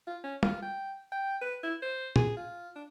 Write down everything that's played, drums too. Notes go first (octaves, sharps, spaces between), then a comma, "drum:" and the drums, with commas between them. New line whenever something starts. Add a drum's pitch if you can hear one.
F4
C#4
F4, drum: tom
G5
G5
B4
E4
C5
G#4, drum: tom
F4
D4